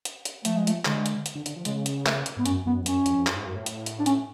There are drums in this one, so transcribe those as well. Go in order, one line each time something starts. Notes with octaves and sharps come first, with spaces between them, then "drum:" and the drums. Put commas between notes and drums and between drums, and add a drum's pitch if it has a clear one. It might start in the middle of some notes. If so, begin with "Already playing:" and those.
drum: hi-hat
drum: hi-hat
F3 A3, drum: hi-hat
G#3
A3, drum: hi-hat
D3 G#3, drum: clap
drum: hi-hat
drum: hi-hat
D3
D3, drum: hi-hat
F3
C#3 G#3, drum: hi-hat
drum: hi-hat
A3, drum: clap
drum: hi-hat
G#2 B3
F#2 C#4, drum: hi-hat
F#2 B3
F2
F#2 C#4, drum: hi-hat
F2, drum: hi-hat
F2
F#2, drum: clap
G#2
F#2
A2
drum: hi-hat
drum: hi-hat
D4
C#4, drum: hi-hat